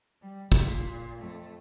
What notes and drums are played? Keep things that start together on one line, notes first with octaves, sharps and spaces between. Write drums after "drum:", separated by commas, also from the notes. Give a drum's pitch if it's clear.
G3
A#2, drum: kick
F2 A3